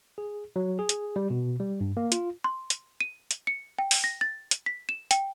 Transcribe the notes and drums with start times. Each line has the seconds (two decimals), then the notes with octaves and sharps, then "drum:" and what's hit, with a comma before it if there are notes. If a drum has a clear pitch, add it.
0.18 G#4
0.56 F#3
0.79 G#4
0.89 drum: hi-hat
1.16 G3
1.30 B2
1.60 G3
1.81 G2
1.97 A#3
2.12 F4, drum: hi-hat
2.44 C6
2.70 drum: hi-hat
3.01 D#7
3.31 drum: hi-hat
3.47 C#7
3.79 G5
3.91 drum: open hi-hat
4.04 A#6
4.21 A6
4.51 drum: hi-hat
4.66 B6
4.89 E7
5.11 G5, drum: hi-hat